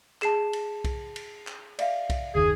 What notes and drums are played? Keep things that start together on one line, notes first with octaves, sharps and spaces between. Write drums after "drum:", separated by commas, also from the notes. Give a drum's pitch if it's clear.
G#4 A5 C7 E7, drum: clap
drum: cymbal
drum: kick B1, cymbal
drum: cymbal
drum: clap
D5 E5 F5, drum: cymbal
drum: kick B1, cymbal
F#1 D#2 D#3 G#4